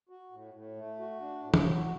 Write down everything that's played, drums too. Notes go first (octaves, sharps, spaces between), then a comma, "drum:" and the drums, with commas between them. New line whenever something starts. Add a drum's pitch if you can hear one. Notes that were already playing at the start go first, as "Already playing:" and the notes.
F#4
A2
A2
A3
F#4
D4
A2
drum: tom
F#4